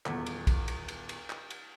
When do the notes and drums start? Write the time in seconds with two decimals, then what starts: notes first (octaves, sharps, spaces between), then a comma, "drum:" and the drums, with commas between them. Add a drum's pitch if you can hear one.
0.06 D#1 E2, drum: clap
0.26 drum: cymbal
0.47 drum: kick, cymbal
0.68 drum: cymbal
0.88 drum: cymbal
1.09 drum: cymbal
1.30 drum: clap
1.50 drum: cymbal